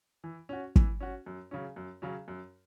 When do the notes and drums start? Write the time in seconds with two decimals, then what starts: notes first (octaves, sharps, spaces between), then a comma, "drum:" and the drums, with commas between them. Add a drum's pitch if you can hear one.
0.24 E3
0.49 C#4 F#4
0.76 E3, drum: kick
1.01 C#4 F#4
1.26 F#2
1.51 C#3 F#3 C#4
1.76 F#2
2.02 C#3 F#3 C#4
2.28 F#2